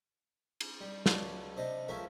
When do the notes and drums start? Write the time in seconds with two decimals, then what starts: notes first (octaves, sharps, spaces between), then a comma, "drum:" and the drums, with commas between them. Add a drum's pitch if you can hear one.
0.61 drum: cymbal
0.81 G3
1.06 C#2 C#3 F#3 D5 A5, drum: snare
1.57 C3 D4 C5 D#5
1.88 C#2 F3 C#4 A4 A#4 E5